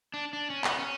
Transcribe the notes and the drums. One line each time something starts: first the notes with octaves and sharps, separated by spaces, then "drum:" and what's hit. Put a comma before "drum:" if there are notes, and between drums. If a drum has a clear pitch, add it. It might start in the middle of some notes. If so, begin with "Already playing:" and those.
D4
D4
C#4
B3, drum: clap
C#4